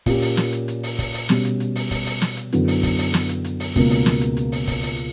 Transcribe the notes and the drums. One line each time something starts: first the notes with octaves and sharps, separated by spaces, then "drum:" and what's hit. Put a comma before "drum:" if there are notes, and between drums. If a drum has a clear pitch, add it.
A#2 A#3 C#4 G4, drum: kick, open hi-hat
drum: open hi-hat
drum: snare
drum: hi-hat
drum: hi-hat
drum: open hi-hat
drum: kick, open hi-hat
drum: open hi-hat
B2 G3 C#4 G4, drum: snare
drum: hi-hat
drum: hi-hat
drum: open hi-hat
drum: kick, open hi-hat
drum: open hi-hat
drum: snare
drum: hi-hat
F#2 D3 F#3 B3 E4, drum: hi-hat
drum: open hi-hat
drum: kick, open hi-hat
drum: open hi-hat
drum: snare
drum: hi-hat
drum: hi-hat
drum: open hi-hat
C#2 B2 A#3, drum: kick, open hi-hat
drum: open hi-hat
drum: snare
drum: hi-hat
drum: hi-hat
drum: open hi-hat
drum: kick, open hi-hat
drum: open hi-hat